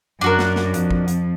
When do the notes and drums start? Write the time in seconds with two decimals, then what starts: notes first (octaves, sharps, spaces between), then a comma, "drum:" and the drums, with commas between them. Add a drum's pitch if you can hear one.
0.21 F#2 D4 F#4 A#4
0.39 drum: snare
0.56 drum: snare
0.74 F2, drum: hi-hat
0.91 drum: kick
1.08 drum: hi-hat